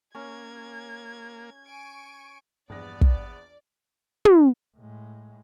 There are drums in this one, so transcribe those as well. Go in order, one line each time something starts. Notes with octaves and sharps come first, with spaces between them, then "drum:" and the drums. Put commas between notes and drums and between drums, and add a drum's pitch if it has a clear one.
A#3 C#4 G#6
G#5 C#6 D7
A#1 E2 G2 B3 D5 A#6
drum: kick
drum: tom
A2 G#3